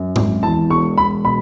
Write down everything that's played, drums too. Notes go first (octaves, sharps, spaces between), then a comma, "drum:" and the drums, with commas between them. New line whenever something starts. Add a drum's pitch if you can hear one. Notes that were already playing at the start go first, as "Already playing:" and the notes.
Already playing: F#2
G#1, drum: tom G#2
E2 A5
E1 C#6
E1 B5
B2 B5